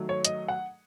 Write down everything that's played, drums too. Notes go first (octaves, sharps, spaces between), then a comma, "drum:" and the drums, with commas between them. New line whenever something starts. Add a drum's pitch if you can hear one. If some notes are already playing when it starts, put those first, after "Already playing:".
Already playing: D#3 F#3 A3
C#5
D#5, drum: hi-hat
F#5